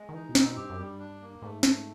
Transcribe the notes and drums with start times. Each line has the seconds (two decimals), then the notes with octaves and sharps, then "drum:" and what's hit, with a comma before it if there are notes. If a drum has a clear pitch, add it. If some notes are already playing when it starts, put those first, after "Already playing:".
Already playing: G#3
0.09 D#3
0.14 E3 D#4
0.29 B2
0.35 C4, drum: snare
0.43 B2
0.56 G2 G4
0.70 F#2
0.78 G2 G3
0.99 D4
1.21 A#3
1.42 G#2 A3
1.63 A3, drum: snare